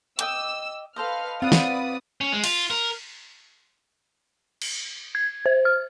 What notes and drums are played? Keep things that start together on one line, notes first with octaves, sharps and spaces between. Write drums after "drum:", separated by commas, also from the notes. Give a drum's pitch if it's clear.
D#5 G5 D6 E6, drum: hi-hat
A4 B4 C5 D#5 F5 F6
C4 F4 B4 D5 F#5 D#6
drum: snare
C#4
G#3
F4, drum: cymbal
A#4
drum: cymbal
G#6
C5
F6